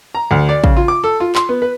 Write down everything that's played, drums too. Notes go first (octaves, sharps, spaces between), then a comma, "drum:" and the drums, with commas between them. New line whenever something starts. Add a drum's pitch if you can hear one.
A#5
D2
D5
C#3, drum: kick
F4
D6
A4
F4
C6, drum: clap
B3
B4